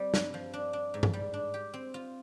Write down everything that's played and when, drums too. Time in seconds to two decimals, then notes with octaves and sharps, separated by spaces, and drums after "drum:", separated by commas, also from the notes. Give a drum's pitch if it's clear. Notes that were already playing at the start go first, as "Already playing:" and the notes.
Already playing: G3 C4
0.14 G2, drum: snare
0.34 F3
0.54 D4
0.73 D4
0.94 G#2
1.03 drum: tom G2
1.13 G3
1.34 D4
1.54 G4
1.74 C4
1.94 F4